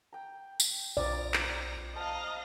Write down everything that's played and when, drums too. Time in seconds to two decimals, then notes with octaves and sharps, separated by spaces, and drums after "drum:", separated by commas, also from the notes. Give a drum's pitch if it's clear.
0.13 G5 A#5
0.60 drum: tambourine
0.97 B1 C4 F4 D5 D#5 A#5
1.34 drum: clap
1.95 C5 D#5 F5 A5 A#5